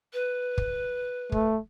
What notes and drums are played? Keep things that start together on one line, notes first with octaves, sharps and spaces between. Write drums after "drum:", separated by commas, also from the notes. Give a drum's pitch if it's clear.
B4
drum: kick
A3, drum: kick